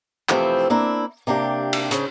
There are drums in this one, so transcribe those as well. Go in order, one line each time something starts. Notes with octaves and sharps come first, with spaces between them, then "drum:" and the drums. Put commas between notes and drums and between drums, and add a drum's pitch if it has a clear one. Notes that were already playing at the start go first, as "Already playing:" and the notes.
C3 E3 F3 A3 C4 E4, drum: clap
A#3 C4 D4 E4
C3 A#3 D4 G4
drum: cymbal
C#3 C5, drum: hi-hat